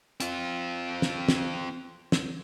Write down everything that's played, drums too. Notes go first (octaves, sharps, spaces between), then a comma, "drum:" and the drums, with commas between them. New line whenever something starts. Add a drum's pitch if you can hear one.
C4 F4, drum: hi-hat
drum: snare
drum: snare
drum: snare